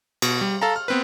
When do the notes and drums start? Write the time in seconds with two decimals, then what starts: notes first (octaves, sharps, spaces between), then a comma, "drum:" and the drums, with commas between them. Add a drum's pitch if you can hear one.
0.22 B2, drum: cymbal
0.41 G3
0.62 A4 F5 A5 A#5
0.76 F6
0.88 B3 C4 B4